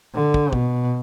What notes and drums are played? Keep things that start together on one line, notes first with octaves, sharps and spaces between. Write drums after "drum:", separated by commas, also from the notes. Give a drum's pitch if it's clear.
D3
drum: kick
B2, drum: kick